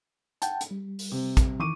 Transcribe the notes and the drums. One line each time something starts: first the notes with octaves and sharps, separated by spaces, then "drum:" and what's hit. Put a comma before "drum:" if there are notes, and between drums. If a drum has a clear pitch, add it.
F#5 G5 A5, drum: hi-hat
drum: hi-hat
G3
drum: open hi-hat
C3
drum: kick, hi-hat
D#3 E3 C#6 D6 D#7